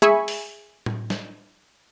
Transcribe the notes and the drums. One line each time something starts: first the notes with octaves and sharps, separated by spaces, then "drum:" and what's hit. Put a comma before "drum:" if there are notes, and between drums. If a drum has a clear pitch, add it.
G#4 E5 G#5 B5 C#6, drum: tom
drum: open hi-hat
drum: tom A2
drum: snare